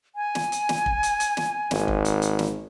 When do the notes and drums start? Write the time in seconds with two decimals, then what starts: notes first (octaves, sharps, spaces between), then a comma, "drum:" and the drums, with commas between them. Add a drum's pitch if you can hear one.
0.16 G#5
0.35 drum: snare
0.52 drum: hi-hat
0.69 drum: snare
0.86 drum: kick
1.03 drum: hi-hat
1.20 drum: hi-hat
1.37 drum: snare
1.71 G#1, drum: snare
1.88 drum: kick
2.05 drum: hi-hat
2.22 drum: hi-hat
2.39 drum: snare